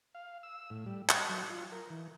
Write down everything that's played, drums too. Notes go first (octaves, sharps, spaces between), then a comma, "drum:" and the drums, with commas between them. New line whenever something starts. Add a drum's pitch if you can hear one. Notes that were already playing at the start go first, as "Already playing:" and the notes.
F5
E6
A2
G3
D#5, drum: clap
F#3
F4
A#4
E3